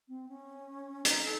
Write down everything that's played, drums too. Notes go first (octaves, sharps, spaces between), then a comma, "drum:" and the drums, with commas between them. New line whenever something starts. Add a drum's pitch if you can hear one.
C4
C#4
D#4, drum: hi-hat
A4